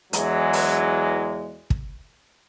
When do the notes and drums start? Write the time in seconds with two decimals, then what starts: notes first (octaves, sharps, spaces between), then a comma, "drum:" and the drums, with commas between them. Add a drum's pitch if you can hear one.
0.13 E2 E3 F#3 G#3, drum: hi-hat
0.53 drum: open hi-hat
1.70 drum: kick